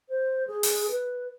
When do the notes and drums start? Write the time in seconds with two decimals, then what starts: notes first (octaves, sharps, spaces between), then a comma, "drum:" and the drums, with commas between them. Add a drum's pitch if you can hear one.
0.09 C5
0.47 G#4
0.63 drum: open hi-hat
0.88 B4